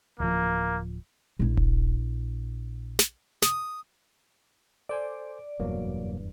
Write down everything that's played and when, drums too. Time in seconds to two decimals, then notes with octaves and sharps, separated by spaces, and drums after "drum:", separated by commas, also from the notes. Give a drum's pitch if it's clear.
0.20 D1 F3 A#3
1.39 A#1 E4
1.57 drum: kick D#1
2.99 drum: snare
3.42 D#6, drum: snare
4.89 A4 C5 D5 G#5
5.60 F1 E2 G2 B2 F#3 A#3